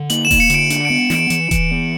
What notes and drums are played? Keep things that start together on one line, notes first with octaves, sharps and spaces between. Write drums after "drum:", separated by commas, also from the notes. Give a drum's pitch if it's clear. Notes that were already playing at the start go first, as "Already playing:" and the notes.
Already playing: D3
A#3 F#7, drum: hi-hat
E7
A#3, drum: kick D#1, open hi-hat
C#7
D3 D7, drum: hi-hat
D4, drum: hi-hat
B3 D7
E3, drum: snare
D7
E3, drum: hi-hat
E3, drum: kick D#1, hi-hat
B3